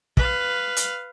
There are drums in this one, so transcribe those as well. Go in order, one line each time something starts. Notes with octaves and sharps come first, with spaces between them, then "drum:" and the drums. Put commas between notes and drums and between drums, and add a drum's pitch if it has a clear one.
B4 F5, drum: kick
drum: hi-hat